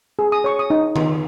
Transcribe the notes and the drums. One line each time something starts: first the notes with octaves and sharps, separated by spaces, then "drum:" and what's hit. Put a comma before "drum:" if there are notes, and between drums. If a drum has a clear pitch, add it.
G#4
D#6
C#5 C#6
D#6
D#4
D#4, drum: tom D#3